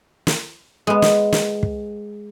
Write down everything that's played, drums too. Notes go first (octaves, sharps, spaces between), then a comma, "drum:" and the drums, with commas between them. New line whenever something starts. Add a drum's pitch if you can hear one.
drum: snare
G#3 B3
drum: snare
drum: snare
drum: kick